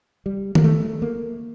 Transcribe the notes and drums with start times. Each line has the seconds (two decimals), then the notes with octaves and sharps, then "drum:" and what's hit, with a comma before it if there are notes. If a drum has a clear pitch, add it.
0.26 G3
0.55 A#3, drum: tom D#3
0.64 A3
1.02 A#3